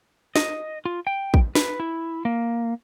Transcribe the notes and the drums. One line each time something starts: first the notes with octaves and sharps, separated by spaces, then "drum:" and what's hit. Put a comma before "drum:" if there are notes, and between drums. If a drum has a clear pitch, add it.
D#5, drum: snare
F4
G5
drum: kick
B4, drum: snare
E4
A#3